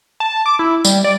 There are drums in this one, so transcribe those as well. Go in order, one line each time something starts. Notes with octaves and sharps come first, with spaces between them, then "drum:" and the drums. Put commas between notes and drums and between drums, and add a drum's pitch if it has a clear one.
A5
D6
E4
G3, drum: tambourine
D5